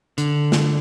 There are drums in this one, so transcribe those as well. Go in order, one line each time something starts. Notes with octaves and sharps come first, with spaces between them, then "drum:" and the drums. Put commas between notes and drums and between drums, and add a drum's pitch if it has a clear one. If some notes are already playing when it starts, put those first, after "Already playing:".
D3, drum: hi-hat
drum: snare